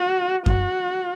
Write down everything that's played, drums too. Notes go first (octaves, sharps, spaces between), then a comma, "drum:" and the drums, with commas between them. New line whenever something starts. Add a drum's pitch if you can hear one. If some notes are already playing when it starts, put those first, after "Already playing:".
Already playing: F#4
F#4, drum: kick F#2